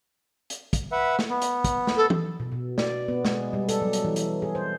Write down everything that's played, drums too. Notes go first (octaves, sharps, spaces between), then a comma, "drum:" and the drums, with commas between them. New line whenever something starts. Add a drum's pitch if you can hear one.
drum: hi-hat
drum: kick, hi-hat
B4 E5 F#5
drum: snare
B3
drum: hi-hat
drum: kick, hi-hat
drum: snare
A4
drum: tom E3
B2
B2
D5, drum: snare
B3
G#3, drum: snare
G3
A4, drum: hi-hat
F#3
drum: hi-hat
E3
drum: hi-hat
G#4
C5